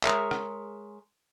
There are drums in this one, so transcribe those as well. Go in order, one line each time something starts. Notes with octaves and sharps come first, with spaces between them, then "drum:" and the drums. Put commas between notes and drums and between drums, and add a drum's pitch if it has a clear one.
G#3 G#4 A#4 C#5 E5, drum: clap
drum: rim click